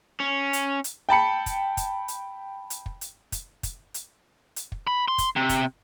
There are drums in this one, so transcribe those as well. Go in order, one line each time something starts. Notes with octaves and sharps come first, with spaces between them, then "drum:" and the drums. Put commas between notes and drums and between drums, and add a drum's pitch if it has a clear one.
C#4
drum: hi-hat
drum: hi-hat
G5 A5 B5 C#7
drum: kick, hi-hat
drum: kick, hi-hat
drum: hi-hat
drum: hi-hat
drum: kick
drum: hi-hat
drum: kick, hi-hat
drum: kick, hi-hat
drum: hi-hat
drum: hi-hat
drum: kick
B5
C6
drum: kick, hi-hat
C3
drum: kick, hi-hat